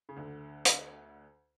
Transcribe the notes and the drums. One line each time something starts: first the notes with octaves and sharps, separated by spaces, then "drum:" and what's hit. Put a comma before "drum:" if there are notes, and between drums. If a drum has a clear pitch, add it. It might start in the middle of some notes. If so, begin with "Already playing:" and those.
C#3
D2 D3
drum: hi-hat